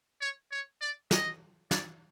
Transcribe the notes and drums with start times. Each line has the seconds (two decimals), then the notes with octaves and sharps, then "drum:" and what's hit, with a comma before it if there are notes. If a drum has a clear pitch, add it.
0.21 C#5
0.51 C#5
0.81 D5
1.11 D#5, drum: snare
1.71 D5, drum: snare